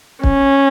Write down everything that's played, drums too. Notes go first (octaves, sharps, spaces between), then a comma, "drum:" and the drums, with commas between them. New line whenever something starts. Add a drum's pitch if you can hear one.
C#4, drum: kick